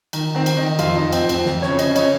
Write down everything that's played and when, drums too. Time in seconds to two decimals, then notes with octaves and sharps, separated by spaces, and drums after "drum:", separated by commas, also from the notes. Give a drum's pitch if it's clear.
0.13 D#3, drum: cymbal
0.35 D#3 C4
0.46 drum: cymbal
0.57 D#3 D#4
0.79 F2 F4, drum: cymbal
0.96 D#4
1.02 F2
1.13 C4, drum: cymbal
1.24 F2
1.29 C4, drum: cymbal
1.46 F2, drum: snare
1.62 C#5, drum: snare
1.68 C#3
1.79 D#5, drum: cymbal
1.90 C#3
1.96 C#5, drum: cymbal